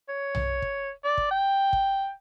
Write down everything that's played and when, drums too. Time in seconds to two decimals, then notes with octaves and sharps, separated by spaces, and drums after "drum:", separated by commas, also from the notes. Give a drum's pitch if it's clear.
0.09 C#5
0.35 drum: tom B1
0.62 drum: kick
1.04 D5
1.17 drum: kick
1.31 G5
1.73 drum: kick